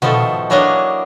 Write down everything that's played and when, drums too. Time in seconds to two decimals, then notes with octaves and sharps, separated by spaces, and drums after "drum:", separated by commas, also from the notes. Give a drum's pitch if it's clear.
0.02 B2 D#3 F3 A3 A4, drum: tom A#2
0.50 E3 F#3 A#3 D4 C#5 D#5